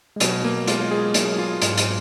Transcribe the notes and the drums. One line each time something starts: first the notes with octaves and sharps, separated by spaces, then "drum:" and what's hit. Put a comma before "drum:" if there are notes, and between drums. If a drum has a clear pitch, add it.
G#3
B2 F#3, drum: hi-hat
A#3
G#3 F4, drum: hi-hat
G#3 G#4
F#3 A#3, drum: hi-hat
F4
G#2 F4, drum: hi-hat
drum: hi-hat